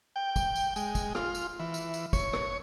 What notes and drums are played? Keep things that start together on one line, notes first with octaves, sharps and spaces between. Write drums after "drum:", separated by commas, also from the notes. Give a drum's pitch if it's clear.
G5
drum: kick, tambourine
drum: tambourine
G#3, drum: tambourine
drum: kick, tambourine
F4, drum: rim click
drum: tambourine
E3
drum: tambourine
drum: tambourine
C#5, drum: kick, tambourine
drum: rim click